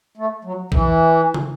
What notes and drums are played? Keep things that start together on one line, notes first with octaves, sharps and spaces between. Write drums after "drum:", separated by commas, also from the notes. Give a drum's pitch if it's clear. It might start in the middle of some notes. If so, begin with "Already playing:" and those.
A3
F#3
E3, drum: kick A#1
drum: tom